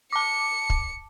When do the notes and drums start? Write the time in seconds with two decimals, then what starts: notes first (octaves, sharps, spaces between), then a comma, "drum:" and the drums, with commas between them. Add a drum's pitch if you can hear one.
0.13 A5 D6 C#7
0.70 drum: kick